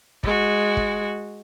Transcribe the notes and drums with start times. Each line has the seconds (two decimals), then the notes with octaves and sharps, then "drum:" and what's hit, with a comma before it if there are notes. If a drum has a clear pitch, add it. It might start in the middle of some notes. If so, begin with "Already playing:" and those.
0.23 G#3 F#4, drum: kick
0.77 drum: kick